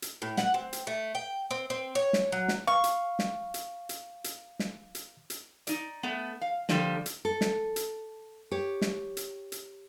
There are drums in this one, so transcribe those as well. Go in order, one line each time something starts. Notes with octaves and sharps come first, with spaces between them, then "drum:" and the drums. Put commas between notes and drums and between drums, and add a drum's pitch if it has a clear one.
drum: hi-hat
A2
F#5, drum: snare
C4
drum: hi-hat
A3
G5
C4
C4
C#5
drum: snare
F#3
drum: snare
F5 C#6
drum: hi-hat
drum: snare
drum: hi-hat
drum: hi-hat
drum: hi-hat
drum: snare
drum: hi-hat
drum: hi-hat
D#4 D5, drum: hi-hat
A3 B3
F5
D3 F3 G3 A#3 G4 A4, drum: snare
drum: hi-hat
A4
drum: snare
drum: hi-hat
G4 C#5
drum: snare
drum: hi-hat
drum: hi-hat